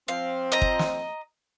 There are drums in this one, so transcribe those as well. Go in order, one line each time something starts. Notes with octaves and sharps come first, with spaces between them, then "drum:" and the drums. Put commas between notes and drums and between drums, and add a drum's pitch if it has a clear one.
F3 C4 F5
D#5 A#5
drum: kick
drum: snare